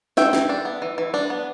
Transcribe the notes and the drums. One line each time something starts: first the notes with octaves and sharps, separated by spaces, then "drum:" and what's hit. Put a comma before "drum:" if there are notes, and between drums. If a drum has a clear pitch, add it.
E3 E5 G5, drum: snare
E3, drum: snare
D4
B3
E3
E3
D4
B3